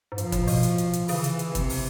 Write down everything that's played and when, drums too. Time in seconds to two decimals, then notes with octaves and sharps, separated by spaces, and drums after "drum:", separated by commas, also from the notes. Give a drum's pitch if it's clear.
0.12 G#2
0.18 G2 F3, drum: hi-hat
0.32 A2, drum: kick G1, hi-hat
0.47 B2, drum: open hi-hat
0.63 drum: hi-hat
0.78 drum: hi-hat
0.93 drum: hi-hat
1.08 C#3 E3, drum: open hi-hat
1.24 drum: hi-hat
1.39 drum: hi-hat
1.55 C3, drum: kick G1, hi-hat
1.70 drum: open hi-hat